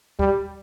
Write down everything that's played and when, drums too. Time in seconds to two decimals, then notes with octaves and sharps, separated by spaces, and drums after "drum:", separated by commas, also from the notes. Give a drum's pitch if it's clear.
0.19 G3, drum: kick D2